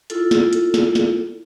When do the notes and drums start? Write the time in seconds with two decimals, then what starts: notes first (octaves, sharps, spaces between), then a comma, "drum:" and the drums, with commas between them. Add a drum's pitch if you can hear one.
0.10 E4 F4 A4, drum: hi-hat
0.31 drum: snare
0.53 drum: hi-hat
0.74 drum: snare
0.95 drum: snare